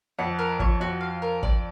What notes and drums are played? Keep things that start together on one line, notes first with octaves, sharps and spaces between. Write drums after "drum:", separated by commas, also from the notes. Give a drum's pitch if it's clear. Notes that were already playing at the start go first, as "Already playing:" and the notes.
F2 F#5
A#4
F2 C#5, drum: kick
F2 F#4
F5
A#4
D5, drum: kick